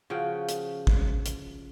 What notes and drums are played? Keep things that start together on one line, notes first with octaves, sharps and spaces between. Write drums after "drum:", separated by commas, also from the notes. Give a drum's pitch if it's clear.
C#3 F3 F#4 G5
drum: hi-hat
drum: kick
drum: hi-hat